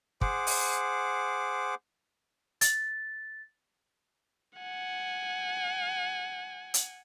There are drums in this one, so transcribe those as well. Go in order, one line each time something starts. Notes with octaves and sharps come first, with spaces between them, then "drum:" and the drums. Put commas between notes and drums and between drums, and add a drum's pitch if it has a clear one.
G#4 C5 F#5 D6, drum: kick
drum: open hi-hat
A6, drum: hi-hat
F#5 G#5
drum: hi-hat